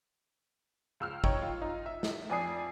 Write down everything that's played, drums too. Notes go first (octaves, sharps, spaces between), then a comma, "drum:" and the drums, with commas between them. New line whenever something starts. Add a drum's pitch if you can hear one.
C#2 E6 F6
D#4 C#5 G5, drum: kick
F4
D#4 F4
E5
drum: snare
F2 D5 G#5 D#6 C7